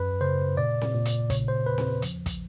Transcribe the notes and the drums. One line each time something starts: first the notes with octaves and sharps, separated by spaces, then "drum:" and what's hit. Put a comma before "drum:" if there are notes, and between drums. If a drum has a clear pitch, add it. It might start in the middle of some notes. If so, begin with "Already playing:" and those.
Already playing: F#2 B4
C#3 C5
A#2 D5
drum: snare C4
A#2
drum: hi-hat
C#3 C#5, drum: kick, hi-hat
C5
E2 B4
drum: snare C4
F3, drum: hi-hat
drum: kick, hi-hat